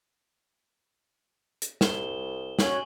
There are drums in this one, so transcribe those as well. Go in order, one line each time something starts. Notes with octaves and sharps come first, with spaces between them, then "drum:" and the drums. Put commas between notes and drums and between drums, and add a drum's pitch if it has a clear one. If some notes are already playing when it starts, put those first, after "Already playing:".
drum: hi-hat
C2 E7 G7, drum: snare
C#4 F#4 C#5 G#5 C#6 F#7, drum: snare